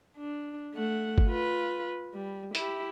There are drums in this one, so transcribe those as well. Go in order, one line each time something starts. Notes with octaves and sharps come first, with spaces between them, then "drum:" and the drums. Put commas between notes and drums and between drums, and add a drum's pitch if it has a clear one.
D4
A3 F#5
drum: kick G#1
F4 B4
G3
E4 G4, drum: hi-hat